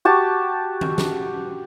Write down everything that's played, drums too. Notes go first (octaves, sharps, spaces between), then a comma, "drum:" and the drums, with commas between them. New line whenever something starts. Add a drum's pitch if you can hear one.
F#4 G4 A5
drum: tom D#3
drum: snare